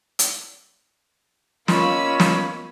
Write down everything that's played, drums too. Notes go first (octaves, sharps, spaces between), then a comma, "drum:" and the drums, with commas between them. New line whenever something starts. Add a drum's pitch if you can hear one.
drum: hi-hat
A#3 C#4 F4 D#5 B5 C#6 E6, drum: snare
drum: snare